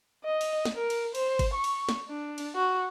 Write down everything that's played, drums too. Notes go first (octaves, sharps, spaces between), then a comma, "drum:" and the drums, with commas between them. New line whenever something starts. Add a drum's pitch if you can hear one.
D#5
drum: cymbal
drum: snare
A#4
drum: cymbal
C5, drum: cymbal
drum: kick G1, cymbal
C#6
drum: cymbal
drum: snare
D4
drum: cymbal
F#4